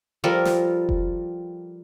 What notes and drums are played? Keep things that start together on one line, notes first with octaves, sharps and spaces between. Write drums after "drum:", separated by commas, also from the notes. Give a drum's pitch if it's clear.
F3 G3 A4 A#4
drum: snare
drum: kick F1